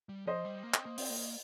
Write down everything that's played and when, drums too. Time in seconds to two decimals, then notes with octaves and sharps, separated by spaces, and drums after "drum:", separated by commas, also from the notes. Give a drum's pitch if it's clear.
0.09 G3
0.26 F3 C5 D#5
0.45 G3
0.63 A#3
0.74 C4, drum: clap
0.86 A#3
0.98 C4, drum: open hi-hat
1.10 A#3